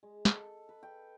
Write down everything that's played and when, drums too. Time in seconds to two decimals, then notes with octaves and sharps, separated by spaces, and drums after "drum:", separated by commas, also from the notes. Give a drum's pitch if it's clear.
0.03 G#3
0.25 A4, drum: snare
0.69 B4
0.83 G5